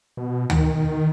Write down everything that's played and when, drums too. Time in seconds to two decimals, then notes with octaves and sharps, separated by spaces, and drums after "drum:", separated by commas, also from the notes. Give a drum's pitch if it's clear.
0.17 B2
0.50 D#3, drum: tom D2